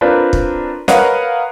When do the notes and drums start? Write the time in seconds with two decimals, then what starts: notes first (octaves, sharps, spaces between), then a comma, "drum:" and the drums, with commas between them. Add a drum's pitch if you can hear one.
0.01 C4 D4 F4 A#4 B4
0.33 drum: kick
0.88 A#4 B4 C#5 D#5 F5 F#5, drum: snare